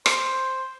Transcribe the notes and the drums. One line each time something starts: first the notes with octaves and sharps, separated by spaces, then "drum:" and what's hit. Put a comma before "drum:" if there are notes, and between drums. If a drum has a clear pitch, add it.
C5, drum: rim click